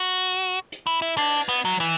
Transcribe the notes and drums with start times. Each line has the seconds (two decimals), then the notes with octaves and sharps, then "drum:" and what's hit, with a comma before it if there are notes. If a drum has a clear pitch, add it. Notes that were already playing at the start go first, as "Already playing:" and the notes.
Already playing: F#4
0.72 drum: hi-hat
0.87 E4
1.02 E4
1.17 D4, drum: cymbal
1.49 B3
1.65 F#3
1.80 E3